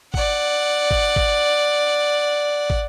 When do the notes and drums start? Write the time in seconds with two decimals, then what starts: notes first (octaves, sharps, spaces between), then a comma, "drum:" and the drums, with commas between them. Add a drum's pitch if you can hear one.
0.14 D5 F#5, drum: kick
0.91 drum: kick
1.16 drum: kick
2.70 drum: kick